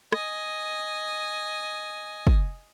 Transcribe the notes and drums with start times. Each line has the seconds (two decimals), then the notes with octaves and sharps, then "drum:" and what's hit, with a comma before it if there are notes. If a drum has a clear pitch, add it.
0.12 D#5 G#5, drum: rim click
2.27 drum: kick